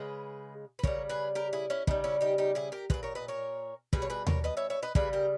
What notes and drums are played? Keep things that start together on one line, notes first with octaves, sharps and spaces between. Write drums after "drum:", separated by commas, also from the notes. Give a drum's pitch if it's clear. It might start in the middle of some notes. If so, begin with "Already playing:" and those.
Already playing: C#3 G#3 G#4 B4
B4
C#3 G3 A#4 C#5, drum: kick
G#4 B4
G4 A#4
E4 G#4
C#4 E4
C#3 G3 B3 D#4, drum: kick
C#4 E4
D#4 G4
D#4 G4
E4 G#4
G4 A#4
A#2 G#3 G#4 B4, drum: kick
A#4 C#5
B4 D#5
A#4 C#5
B2 G3 G#4 B4, drum: kick
C#5
G#4 B4
A#4 C#5, drum: tom D#2
B4 D#5
C#5 E5
C#5 E5
B4 D#5
C#3 G3 G#4 B4, drum: kick
G4 A#4